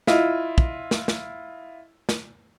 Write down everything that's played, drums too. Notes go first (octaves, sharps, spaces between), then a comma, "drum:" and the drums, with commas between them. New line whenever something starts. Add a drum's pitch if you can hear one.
E4 F4 D#5, drum: snare
drum: kick
drum: snare
drum: snare
drum: snare